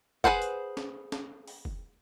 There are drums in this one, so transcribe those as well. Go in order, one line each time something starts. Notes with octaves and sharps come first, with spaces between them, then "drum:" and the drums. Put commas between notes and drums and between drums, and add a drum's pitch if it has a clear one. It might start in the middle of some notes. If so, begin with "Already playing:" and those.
G#4 A4 B4 C5 F#5, drum: kick
drum: hi-hat
drum: snare
drum: snare
drum: open hi-hat
drum: kick